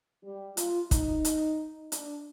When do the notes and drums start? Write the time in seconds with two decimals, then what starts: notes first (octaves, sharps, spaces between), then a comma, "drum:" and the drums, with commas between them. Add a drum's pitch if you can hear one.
0.24 G3
0.57 F4, drum: hi-hat
0.91 D#4, drum: kick, hi-hat
1.25 drum: hi-hat
1.92 D4, drum: hi-hat